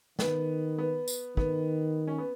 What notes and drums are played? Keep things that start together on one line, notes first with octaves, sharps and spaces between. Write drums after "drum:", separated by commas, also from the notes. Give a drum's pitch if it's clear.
D#3 B3, drum: snare
B3
drum: tambourine
D#3 B3, drum: kick
C#4
B3